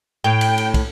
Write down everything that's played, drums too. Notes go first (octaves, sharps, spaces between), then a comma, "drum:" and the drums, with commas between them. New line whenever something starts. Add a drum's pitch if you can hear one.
A2 G5
drum: cymbal
drum: cymbal
drum: kick, cymbal